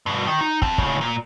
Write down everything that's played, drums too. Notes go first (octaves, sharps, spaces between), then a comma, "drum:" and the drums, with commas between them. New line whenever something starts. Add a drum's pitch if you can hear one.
G2 B2
D#3
D#4
C4 A5, drum: kick
A2 C#3, drum: kick
A#2